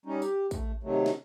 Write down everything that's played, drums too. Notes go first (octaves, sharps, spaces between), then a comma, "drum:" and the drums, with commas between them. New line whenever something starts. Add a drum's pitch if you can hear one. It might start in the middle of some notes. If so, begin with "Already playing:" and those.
G3 C#4 D#4
G4, drum: tambourine
A3, drum: kick, tambourine
C3 D#3 F#3 A3
drum: snare